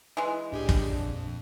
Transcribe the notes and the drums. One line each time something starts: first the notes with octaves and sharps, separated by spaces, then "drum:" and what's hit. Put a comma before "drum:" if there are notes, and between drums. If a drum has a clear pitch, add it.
E3 G#3
C#2 A2 D4 G4 G#4
drum: kick
F2 A#2